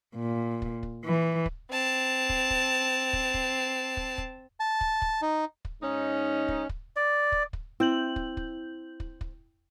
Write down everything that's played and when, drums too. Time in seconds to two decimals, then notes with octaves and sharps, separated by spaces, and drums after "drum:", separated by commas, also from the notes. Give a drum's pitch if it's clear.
0.15 A#2
0.62 drum: kick
0.83 drum: kick
1.04 E3
1.46 drum: kick
1.70 C4 A5
2.29 drum: kick
2.50 drum: kick
3.13 drum: kick
3.34 drum: kick
3.97 drum: kick
4.18 drum: kick
4.60 A5
4.81 drum: kick
5.02 drum: kick
5.22 D#4
5.65 drum: kick
5.82 G#2 C#4 D#4
6.48 drum: kick
6.69 drum: kick
6.96 D5
7.32 drum: kick
7.53 drum: kick
7.80 C4 E4 G6 F#7
8.16 drum: kick
8.37 drum: kick
9.00 drum: kick
9.21 drum: kick